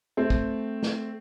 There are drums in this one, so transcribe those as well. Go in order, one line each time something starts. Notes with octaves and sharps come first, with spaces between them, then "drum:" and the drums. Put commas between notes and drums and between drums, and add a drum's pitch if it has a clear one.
A3 C4
drum: kick
drum: snare